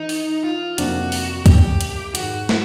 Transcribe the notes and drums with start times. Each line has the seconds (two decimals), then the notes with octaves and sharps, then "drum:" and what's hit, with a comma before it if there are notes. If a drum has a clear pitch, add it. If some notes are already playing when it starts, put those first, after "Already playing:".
Already playing: E3 D#4
0.09 drum: open hi-hat
0.44 F4
0.78 F2 C3 F3 A#3 D4 F#4, drum: hi-hat
1.12 drum: open hi-hat
1.46 G4, drum: kick C#2, hi-hat
1.81 drum: hi-hat
2.15 G#2 D#3 G#3 F#4, drum: hi-hat
2.49 drum: snare